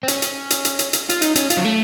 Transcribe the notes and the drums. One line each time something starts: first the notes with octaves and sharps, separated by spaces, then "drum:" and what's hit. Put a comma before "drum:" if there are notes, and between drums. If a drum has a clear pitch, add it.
C4
C#4, drum: hi-hat
drum: hi-hat
drum: hi-hat
drum: hi-hat
drum: hi-hat
drum: hi-hat
F4, drum: hi-hat
D#4, drum: hi-hat
C#4, drum: hi-hat
F4, drum: hi-hat
F#3
A3